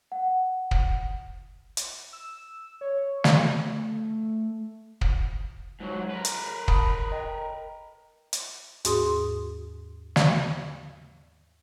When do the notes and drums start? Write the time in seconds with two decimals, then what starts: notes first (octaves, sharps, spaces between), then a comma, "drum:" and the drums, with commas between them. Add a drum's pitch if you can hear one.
0.12 F#5
0.71 drum: kick
1.77 drum: hi-hat
2.13 E6
2.81 C#5
3.24 A3, drum: snare
5.01 drum: kick
5.81 G#2 F#3
6.10 A#4 B4
6.25 drum: hi-hat
6.68 A5 B5 D#6, drum: kick
7.12 D#5 G5
8.33 drum: hi-hat
8.85 D#2 G#2 F#4 G#4 C6 D#6, drum: hi-hat
10.16 drum: snare